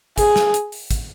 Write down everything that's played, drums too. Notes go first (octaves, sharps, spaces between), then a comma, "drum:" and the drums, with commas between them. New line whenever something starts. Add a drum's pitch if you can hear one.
G#4, drum: kick, hi-hat
drum: snare
drum: hi-hat
drum: open hi-hat
drum: kick, hi-hat